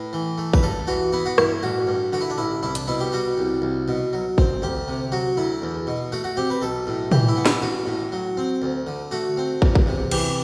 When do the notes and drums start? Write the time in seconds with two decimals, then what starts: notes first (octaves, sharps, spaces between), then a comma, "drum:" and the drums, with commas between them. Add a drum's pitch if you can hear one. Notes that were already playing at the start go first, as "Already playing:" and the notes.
Already playing: A2 B4
0.13 E3
0.38 A3
0.54 B4, drum: kick
0.63 G2 A4
0.87 E3 F#4
1.13 B3 E4
1.26 F#4
1.38 G2 E4, drum: rim click
1.63 A1 F#4
1.87 G2
2.13 D3 F#4
2.21 E4
2.30 D4
2.38 A1 E4
2.63 C2 E4
2.75 D4, drum: hi-hat
2.87 B2 E4
3.00 G4
3.12 G3 F#4
3.38 C2
3.62 C2
3.88 B2
4.13 F#3
4.38 C4, drum: kick
4.62 D2 G4
4.88 C3
5.12 F#3 F#4
5.37 D2 E4
5.62 E2
5.87 B2
6.12 A3 F#4
6.24 F#4
6.37 C4 G4
6.50 B4
6.62 B1 A4
6.87 A2
7.12 E3 G4, drum: tom
7.28 E4
7.37 B3
7.46 E4, drum: snare
7.62 A1 F#4
7.86 A2
8.12 F#3
8.37 C4
8.62 D2
8.87 D3
9.11 A3 F#4
9.37 C4
9.62 E2, drum: kick
9.75 drum: kick
9.87 C3
10.11 E3 G4, drum: cymbal